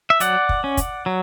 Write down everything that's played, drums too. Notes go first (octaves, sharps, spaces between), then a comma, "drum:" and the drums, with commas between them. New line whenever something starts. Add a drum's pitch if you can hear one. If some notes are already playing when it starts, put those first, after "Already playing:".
E5
F#3 D5 F#5, drum: hi-hat
drum: kick
C#4
drum: kick, hi-hat
F#3